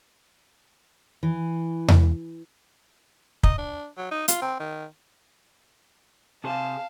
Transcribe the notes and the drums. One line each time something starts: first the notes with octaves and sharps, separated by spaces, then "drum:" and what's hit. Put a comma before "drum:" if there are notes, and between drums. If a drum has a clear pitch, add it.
E3
drum: tom E2
D#5, drum: kick
D4
F#3
D#4
F4, drum: hi-hat
C4
D#3
C3 G#4 C5 F5 A5